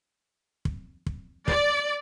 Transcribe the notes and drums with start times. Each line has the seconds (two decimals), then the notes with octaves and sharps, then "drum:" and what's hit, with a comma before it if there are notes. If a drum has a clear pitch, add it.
0.65 drum: kick
1.06 drum: kick
1.48 D5, drum: kick